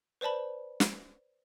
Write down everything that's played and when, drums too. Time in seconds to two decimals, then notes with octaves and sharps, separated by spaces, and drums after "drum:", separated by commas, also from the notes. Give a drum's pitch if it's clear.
0.21 B4 C5 D5 A5 B5
0.80 drum: snare